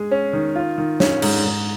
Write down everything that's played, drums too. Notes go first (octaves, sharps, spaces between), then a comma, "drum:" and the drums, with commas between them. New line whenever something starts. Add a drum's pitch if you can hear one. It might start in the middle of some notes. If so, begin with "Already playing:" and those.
Already playing: G#3 G#4
C#4
D#3
F4
D#3
C#4, drum: snare
G#2, drum: cymbal
G#2